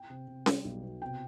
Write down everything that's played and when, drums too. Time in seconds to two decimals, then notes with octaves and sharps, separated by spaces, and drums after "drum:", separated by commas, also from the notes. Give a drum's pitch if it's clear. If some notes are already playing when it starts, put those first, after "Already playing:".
Already playing: G5
0.10 C3
0.28 C3
0.46 G3, drum: snare C#4
0.65 B1
0.83 B2
1.02 C3 G5